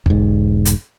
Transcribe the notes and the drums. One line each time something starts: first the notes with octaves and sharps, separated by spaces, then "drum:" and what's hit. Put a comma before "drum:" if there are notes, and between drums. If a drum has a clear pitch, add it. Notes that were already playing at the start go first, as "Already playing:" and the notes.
E1 G#2, drum: kick
drum: hi-hat